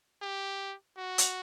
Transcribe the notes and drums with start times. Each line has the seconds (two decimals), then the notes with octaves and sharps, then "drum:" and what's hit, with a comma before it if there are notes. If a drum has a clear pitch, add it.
0.22 G4
0.97 F#4
1.18 drum: hi-hat